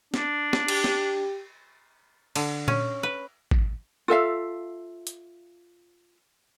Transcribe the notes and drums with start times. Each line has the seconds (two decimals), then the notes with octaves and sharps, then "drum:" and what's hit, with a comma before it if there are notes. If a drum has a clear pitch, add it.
0.14 D4, drum: snare
0.53 drum: snare
0.68 G4, drum: cymbal
0.84 drum: snare
2.36 D3, drum: cymbal
2.68 C#4, drum: tom A#2
3.03 B4
3.51 drum: kick
4.08 F4 A4 E5 F5
5.07 drum: hi-hat